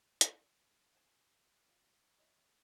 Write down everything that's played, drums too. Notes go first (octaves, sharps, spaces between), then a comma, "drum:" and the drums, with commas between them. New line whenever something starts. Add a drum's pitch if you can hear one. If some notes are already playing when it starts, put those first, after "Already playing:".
drum: hi-hat
F4 C5 G#5
F4
E4 C#5 D#5